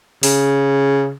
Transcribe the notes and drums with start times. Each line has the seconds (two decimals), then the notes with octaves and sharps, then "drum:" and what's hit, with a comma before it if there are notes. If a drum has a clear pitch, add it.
0.23 C#3, drum: open hi-hat